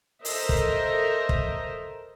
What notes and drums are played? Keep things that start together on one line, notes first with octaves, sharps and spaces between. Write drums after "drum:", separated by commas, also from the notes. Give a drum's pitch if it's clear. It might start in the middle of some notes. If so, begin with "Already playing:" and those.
A4 A#4 C5 D#5 E5 A#5, drum: open hi-hat
drum: kick
drum: kick